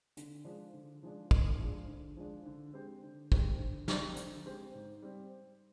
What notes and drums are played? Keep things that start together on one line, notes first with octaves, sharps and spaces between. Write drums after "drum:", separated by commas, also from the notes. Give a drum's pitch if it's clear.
D3, drum: hi-hat
F3 G#3 D4
D3
F3 G#3 D4
D3, drum: kick
F3 G#3 D4
D3
F3 G#3 D4
D3
G#3 C4 G4 C5
D3
G#3 C4 G4 C5, drum: kick
D3
G#3 C4 G4 C5, drum: snare
D3, drum: hi-hat
G#3 C4 G4 C5
G#2
G3 C4